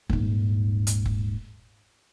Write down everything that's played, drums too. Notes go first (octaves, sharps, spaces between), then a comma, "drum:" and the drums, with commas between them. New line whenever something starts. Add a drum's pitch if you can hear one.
D#1 G#2, drum: kick F#1
drum: hi-hat
drum: kick F#1